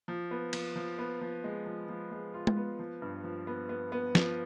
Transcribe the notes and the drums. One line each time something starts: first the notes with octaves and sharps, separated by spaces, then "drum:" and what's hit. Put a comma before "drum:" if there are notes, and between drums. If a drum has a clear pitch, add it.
F3
B3
F3, drum: cymbal
F3
B3
F3
G#3
F3
F3
G#3
F4
drum: tom G#3
B3
F3
G2
F3
B3
B3
B3
F3, drum: snare